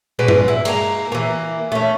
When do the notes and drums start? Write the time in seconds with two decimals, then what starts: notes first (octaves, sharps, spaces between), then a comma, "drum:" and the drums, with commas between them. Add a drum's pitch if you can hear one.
0.19 B2 G#3 B4 D5
0.28 drum: tom G2
0.48 E4
0.65 G#3 A#3 G#5 A#5, drum: cymbal
1.12 E3 A#3
1.72 A3 C#4